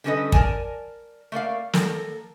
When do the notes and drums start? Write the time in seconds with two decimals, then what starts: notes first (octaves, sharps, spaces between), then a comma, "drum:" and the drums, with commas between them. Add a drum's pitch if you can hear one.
0.04 D3 G3 C#4 A4 B4 D#5
0.32 A#4 C5 D5 G#5 A5, drum: kick
1.32 A3 A#3 D5 F5
1.73 A4 A#4, drum: snare